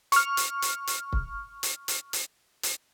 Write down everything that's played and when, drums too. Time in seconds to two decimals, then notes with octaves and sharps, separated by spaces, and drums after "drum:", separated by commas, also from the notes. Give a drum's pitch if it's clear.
0.12 C#6 F6, drum: hi-hat
0.37 drum: hi-hat
0.62 drum: hi-hat
0.87 drum: hi-hat
1.13 drum: kick C#1
1.63 drum: hi-hat
1.88 drum: hi-hat
2.13 drum: hi-hat
2.63 drum: hi-hat